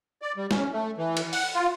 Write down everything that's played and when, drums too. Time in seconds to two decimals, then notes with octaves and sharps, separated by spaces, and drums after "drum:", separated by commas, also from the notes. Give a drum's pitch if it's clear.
0.22 D5
0.37 G3
0.51 C#4, drum: snare
0.73 A3
0.98 E3
1.17 drum: cymbal
1.33 F#5, drum: open hi-hat
1.55 F4